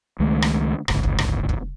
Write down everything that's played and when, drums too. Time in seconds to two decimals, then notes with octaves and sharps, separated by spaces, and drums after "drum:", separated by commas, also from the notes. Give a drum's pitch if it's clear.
0.19 C#2 D#3 G#3 A3
0.42 drum: rim click
0.88 D1 G1 C#2, drum: rim click
1.03 drum: kick
1.19 drum: rim click
1.49 drum: kick